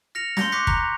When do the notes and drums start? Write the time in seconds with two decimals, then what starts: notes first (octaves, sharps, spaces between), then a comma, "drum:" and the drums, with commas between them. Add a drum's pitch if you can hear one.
0.15 F6 A#6 C#7 F7
0.37 C6 G6 A#6, drum: snare
0.52 C#6 D6 F#6 A#6 B6 C#7
0.67 A#5 F#6, drum: kick